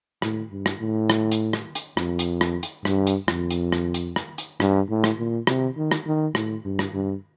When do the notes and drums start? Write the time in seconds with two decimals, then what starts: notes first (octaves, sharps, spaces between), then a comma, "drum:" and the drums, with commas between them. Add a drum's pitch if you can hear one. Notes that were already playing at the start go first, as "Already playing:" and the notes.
0.22 A2, drum: rim click
0.51 G2
0.66 drum: rim click
0.80 A2
1.10 drum: rim click
1.32 drum: hi-hat
1.53 drum: rim click
1.75 drum: hi-hat
1.97 F2, drum: rim click
2.19 drum: hi-hat
2.41 drum: rim click
2.63 drum: hi-hat
2.85 G2, drum: rim click
3.07 drum: hi-hat
3.28 F2, drum: rim click
3.51 drum: hi-hat
3.72 drum: rim click
3.94 drum: hi-hat
4.16 drum: rim click
4.38 drum: hi-hat
4.60 G2, drum: rim click
4.90 A2
5.04 drum: rim click
5.18 A#2
5.47 C3, drum: rim click
5.77 D#3
5.91 drum: rim click
6.07 D#3
6.35 A2, drum: rim click
6.65 G2
6.79 drum: rim click
6.94 G2